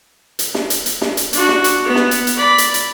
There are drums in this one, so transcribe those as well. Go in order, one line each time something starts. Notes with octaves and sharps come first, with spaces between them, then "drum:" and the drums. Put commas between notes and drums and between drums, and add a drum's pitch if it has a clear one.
drum: hi-hat
drum: snare
drum: hi-hat
drum: hi-hat
drum: snare
drum: hi-hat
D4 F#4, drum: hi-hat
drum: snare
drum: hi-hat
B3
drum: snare
drum: hi-hat
drum: hi-hat
D5 B5
drum: hi-hat
drum: hi-hat